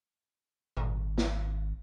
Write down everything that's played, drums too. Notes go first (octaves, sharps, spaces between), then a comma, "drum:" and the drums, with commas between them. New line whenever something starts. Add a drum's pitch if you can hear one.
G#1, drum: tom A#2
drum: snare